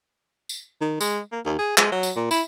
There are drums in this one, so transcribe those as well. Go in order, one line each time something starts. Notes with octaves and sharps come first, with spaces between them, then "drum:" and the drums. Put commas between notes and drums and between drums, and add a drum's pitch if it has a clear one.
drum: tambourine
D#3
G#3, drum: tambourine
A#3
D#2
G#4
G#3, drum: clap
F#3
drum: tambourine
A#2
E4, drum: tambourine